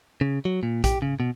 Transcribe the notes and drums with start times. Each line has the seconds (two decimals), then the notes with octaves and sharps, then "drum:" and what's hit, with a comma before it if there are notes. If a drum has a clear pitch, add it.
0.21 C#3
0.45 F#3
0.63 A#2
0.84 G4, drum: kick A#1, hi-hat
1.02 C#3
1.20 B2